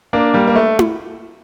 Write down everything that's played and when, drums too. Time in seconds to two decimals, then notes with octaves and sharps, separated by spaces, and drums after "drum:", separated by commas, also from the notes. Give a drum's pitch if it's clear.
0.13 A#3 D4
0.34 G3 A#3
0.47 A#3
0.56 A3
0.79 drum: tom E4